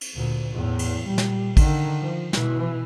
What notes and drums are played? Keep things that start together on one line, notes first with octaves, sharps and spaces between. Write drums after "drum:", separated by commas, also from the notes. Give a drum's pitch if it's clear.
drum: cymbal
D2 A#2
E2 A2
drum: cymbal
A#2 G3
drum: snare
D3 D#3, drum: kick A1, cymbal
F3
B2 E3, drum: snare